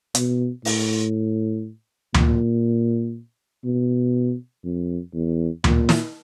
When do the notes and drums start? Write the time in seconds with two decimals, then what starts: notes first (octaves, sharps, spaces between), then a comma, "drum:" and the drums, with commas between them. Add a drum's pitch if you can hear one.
0.15 B2, drum: hi-hat
0.65 A2, drum: open hi-hat
2.14 A#2, drum: tom D2
3.64 B2
4.64 F2
5.14 E2
5.64 A#2, drum: tom D2
5.89 drum: snare